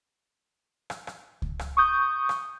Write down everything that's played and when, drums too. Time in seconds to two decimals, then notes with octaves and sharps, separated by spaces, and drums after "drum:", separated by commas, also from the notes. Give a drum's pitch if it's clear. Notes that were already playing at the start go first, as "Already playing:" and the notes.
0.90 drum: rim click
1.07 drum: rim click
1.42 drum: kick C#2
1.59 drum: rim click
1.77 C#6 D#6 G6
2.29 drum: rim click